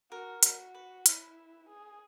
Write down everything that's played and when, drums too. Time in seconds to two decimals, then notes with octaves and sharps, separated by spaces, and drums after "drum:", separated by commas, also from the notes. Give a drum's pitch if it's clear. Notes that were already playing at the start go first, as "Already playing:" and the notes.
0.11 F#4 A#4
0.43 F#4, drum: hi-hat
0.75 B4
1.06 E4, drum: hi-hat
1.69 G#4